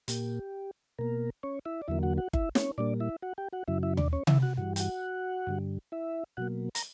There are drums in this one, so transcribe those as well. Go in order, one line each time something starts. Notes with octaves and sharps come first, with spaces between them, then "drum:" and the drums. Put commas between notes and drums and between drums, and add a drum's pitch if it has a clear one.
A#2 A#3 G4, drum: hi-hat
B2 A#3 A#4
C#4 C#5
E4 E5
D5
E2 D3 F#3 A#3 E4 E5
F#4 F#5
F#4 F#5
E4 E5, drum: kick G1
C#4 C#5, drum: snare
A#2 G3 A#3 D4 D5
E4 E5
F#4 F#5
G4 G5
F#4 F#5
F#2 C#3 F#3 E4 E5
E4 E5
D4 D5, drum: tom D#2
C#4 C#5
E4 E5, drum: tom C3
F#4 F#5
G2 E3 G3 F#4 F#5
G5, drum: hi-hat
F#4 F#5
G2 D3 G3
E4 E5
B2 F#3 A#3 F#4 F#5
A#5, drum: hi-hat